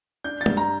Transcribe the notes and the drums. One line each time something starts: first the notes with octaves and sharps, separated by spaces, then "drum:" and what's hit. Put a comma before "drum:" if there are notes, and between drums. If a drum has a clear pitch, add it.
D4 G6
A6
G2, drum: tom
A#5